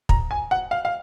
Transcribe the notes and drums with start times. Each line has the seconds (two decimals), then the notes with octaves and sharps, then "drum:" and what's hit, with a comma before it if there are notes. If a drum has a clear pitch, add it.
0.09 A#5, drum: kick
0.31 G#5
0.51 F#5
0.71 F5
0.85 F5